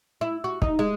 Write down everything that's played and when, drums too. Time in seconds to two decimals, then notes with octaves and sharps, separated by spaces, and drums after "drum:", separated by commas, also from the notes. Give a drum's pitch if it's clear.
0.21 E4
0.44 F#4
0.62 D#4, drum: kick
0.79 G#3